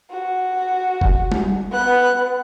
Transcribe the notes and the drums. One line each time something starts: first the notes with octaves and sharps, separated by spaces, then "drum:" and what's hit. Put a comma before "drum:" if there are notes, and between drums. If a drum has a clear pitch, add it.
F#4
drum: kick F#1
drum: tom G3
B3 F#6